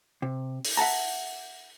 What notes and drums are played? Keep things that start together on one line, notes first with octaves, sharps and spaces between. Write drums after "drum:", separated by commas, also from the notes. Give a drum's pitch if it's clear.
C3
drum: open hi-hat
E5 F#5 A5 A#5